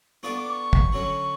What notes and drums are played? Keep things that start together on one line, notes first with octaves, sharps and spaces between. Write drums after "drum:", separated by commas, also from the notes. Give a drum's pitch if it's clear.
B3 D4 F4 A4 D5 C#6
D6
C#6
drum: kick
D3 F#3 C#4